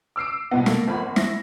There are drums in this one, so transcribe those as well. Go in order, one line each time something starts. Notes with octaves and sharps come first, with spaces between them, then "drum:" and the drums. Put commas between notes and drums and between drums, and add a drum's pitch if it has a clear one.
D6 E6 C7 D7
C2 B2 B3
A#3 A4, drum: snare
G#1 F4 B5
G#1
E4 A#6, drum: snare